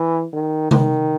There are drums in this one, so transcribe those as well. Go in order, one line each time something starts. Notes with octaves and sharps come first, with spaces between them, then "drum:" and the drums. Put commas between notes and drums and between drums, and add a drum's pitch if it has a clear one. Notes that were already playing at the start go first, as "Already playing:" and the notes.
Already playing: E3
D#3
D#3, drum: tom C3